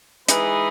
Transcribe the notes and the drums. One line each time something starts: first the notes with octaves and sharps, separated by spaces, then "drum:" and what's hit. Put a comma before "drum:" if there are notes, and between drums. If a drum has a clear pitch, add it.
E3 G#3 D#4 G#4 B4, drum: hi-hat